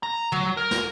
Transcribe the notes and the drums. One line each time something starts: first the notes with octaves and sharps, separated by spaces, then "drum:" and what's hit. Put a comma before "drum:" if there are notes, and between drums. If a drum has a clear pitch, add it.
A#5
F#3, drum: tom
A#4
drum: snare